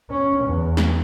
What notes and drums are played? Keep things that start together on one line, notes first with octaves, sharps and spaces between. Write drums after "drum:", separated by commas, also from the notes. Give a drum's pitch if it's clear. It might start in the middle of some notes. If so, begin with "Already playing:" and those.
C#4
E2
drum: snare